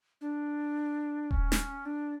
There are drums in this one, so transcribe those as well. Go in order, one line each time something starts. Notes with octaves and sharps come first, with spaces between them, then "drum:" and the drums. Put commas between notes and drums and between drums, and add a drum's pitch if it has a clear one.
D4
C#4, drum: kick D#1
drum: snare
D4